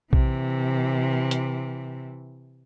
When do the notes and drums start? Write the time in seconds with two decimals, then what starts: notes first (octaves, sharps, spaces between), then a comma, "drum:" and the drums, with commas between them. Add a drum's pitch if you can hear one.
0.13 C3 E3, drum: kick A#1
1.31 drum: hi-hat